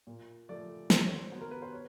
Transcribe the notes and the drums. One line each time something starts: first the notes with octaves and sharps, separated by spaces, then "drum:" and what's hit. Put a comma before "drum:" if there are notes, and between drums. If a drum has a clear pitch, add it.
A#2
F3 A3 D5
D#3 C5, drum: snare
C#5
C5
F#3 B3
A#4
B4
C5
C#5